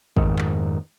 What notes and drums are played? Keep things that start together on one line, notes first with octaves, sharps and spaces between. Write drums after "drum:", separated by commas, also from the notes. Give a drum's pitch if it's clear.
F2 G#2 D#3, drum: kick G#1
drum: clap